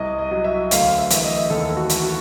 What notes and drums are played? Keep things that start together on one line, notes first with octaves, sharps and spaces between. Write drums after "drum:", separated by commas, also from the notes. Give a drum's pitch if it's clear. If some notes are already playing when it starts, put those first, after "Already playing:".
Already playing: C2 D#5
D#5
F#3
E5
D2 F5, drum: hi-hat
E5
E3 E5, drum: hi-hat
D#5
D#2 A4
F#4
E3, drum: hi-hat
F#4